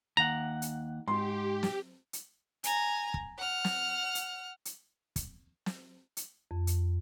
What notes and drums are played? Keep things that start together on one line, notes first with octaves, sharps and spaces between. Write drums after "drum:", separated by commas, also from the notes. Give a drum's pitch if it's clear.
D#2 F#5 A#5
drum: hi-hat
G#2 G4 C6
drum: snare
drum: hi-hat
G#5 A#5, drum: hi-hat
drum: kick
F#5 F6
drum: snare
drum: hi-hat
drum: hi-hat
drum: kick, hi-hat
drum: snare
drum: hi-hat
F2
drum: hi-hat